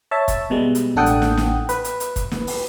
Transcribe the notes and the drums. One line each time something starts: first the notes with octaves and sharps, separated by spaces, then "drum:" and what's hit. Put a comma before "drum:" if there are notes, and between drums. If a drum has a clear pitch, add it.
C#5 E5 A5
drum: kick, hi-hat
B2 G3 G#3
drum: hi-hat
A1 D4 A4 F#5 G5 D#6
drum: hi-hat
drum: snare
drum: snare
B4, drum: hi-hat
drum: hi-hat
drum: hi-hat
drum: kick, hi-hat
drum: snare
drum: open hi-hat